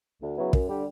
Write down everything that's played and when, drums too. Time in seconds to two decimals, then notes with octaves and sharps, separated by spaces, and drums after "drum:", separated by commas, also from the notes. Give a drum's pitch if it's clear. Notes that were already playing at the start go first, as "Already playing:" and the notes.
0.22 D2
0.37 C#3 F#3 B3 E4
0.53 F#2, drum: kick
0.69 D3 G3 D4 G4